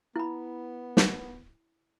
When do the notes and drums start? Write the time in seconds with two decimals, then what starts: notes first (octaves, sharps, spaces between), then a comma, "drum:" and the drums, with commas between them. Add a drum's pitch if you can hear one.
0.16 B3 E4 B5
0.97 drum: snare